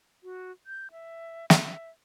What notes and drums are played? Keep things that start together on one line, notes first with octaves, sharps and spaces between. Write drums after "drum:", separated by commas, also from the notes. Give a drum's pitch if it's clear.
F#4
G6
E5
E5, drum: snare